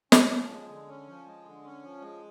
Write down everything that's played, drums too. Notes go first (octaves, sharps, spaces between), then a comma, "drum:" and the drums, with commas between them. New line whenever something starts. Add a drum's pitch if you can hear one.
C#4, drum: snare
F3
G#3
D3
C#4
F3
G#3
D3
C#4
F3
G#3